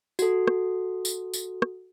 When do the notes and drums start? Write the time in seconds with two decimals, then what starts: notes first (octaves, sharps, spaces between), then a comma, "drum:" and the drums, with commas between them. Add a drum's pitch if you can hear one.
0.19 F#4 A4, drum: tambourine
0.48 drum: rim click
1.05 drum: tambourine
1.34 drum: tambourine
1.62 drum: rim click